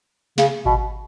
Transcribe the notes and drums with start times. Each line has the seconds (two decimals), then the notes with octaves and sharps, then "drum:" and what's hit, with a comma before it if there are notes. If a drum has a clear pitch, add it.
0.38 C#3, drum: snare
0.66 B2, drum: kick G#1